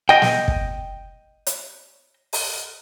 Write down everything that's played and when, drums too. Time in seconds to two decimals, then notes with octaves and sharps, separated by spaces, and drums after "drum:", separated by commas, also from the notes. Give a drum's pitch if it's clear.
0.09 D#5 G5
0.22 drum: snare
0.48 drum: kick
1.47 drum: hi-hat
2.33 drum: open hi-hat